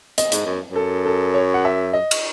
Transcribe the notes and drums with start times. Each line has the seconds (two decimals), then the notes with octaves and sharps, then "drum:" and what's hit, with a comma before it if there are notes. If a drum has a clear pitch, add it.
0.18 D#5, drum: hi-hat
0.32 G#2, drum: hi-hat
0.46 F#2
0.72 F#2 A4
1.06 A4
1.34 C#5
1.54 F#5
1.65 E5
1.93 D#5
2.11 drum: cymbal